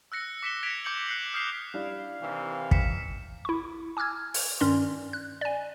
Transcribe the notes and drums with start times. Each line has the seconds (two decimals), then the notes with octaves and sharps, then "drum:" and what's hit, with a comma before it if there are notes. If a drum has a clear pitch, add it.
0.12 E6 F#6 A#6 C#7
0.43 D6 B6 C#7 E7 G7
0.63 G#6 A#6 B6 D7 F7
0.84 D6 G6 C#7 F#7
1.06 F#6 C7 F#7
1.34 D#6 F6 G6 B6 C7 F7
1.74 G3 D4 E4 F5
2.21 C3 D#3 E3
2.71 B6 C#7 E7, drum: kick
3.45 E4 C#6
3.97 G#5 D6 E6 F6 G#6
4.34 drum: open hi-hat
4.60 G2 D#3 C#4 D5 C6
5.13 F#6
5.41 D5 G#5